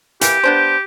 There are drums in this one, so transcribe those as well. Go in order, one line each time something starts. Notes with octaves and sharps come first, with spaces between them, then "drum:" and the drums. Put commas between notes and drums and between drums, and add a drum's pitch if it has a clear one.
E3 A#3 G4, drum: hi-hat
B3 D4 C5